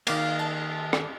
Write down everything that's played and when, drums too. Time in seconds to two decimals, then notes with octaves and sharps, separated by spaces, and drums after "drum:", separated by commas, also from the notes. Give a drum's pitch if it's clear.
0.07 D#3 A#3 D5 F5, drum: cymbal
0.39 A5
0.93 drum: rim click